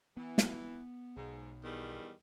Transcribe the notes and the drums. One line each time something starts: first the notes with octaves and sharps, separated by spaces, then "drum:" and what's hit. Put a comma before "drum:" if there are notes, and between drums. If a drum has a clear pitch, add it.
E3 B3
drum: snare
B1 G#2
E2 D#3 G3